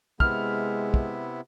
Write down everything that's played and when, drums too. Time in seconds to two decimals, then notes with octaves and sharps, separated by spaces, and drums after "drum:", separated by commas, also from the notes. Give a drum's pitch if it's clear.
0.20 C3 G#3 B3 E4 F6, drum: kick
0.94 drum: kick